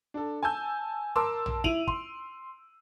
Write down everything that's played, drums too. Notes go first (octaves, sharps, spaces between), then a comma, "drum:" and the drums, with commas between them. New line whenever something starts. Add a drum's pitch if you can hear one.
D4 A4
G#5 A5 E6 G6
A#4 A5 C6 D6 E6
drum: tom A#1
E4 D7 D#7 F7 F#7, drum: kick
C6, drum: kick